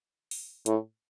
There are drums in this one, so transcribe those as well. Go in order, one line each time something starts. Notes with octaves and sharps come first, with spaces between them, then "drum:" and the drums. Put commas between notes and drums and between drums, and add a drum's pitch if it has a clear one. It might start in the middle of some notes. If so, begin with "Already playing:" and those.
drum: open hi-hat
A2, drum: hi-hat